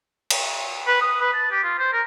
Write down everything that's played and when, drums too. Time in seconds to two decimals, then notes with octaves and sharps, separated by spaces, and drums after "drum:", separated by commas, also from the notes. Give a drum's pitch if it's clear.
0.30 drum: cymbal
0.87 B4
1.01 D#6
1.21 B4
1.34 A5
1.51 G4
1.64 F4
1.79 C5
1.93 A#4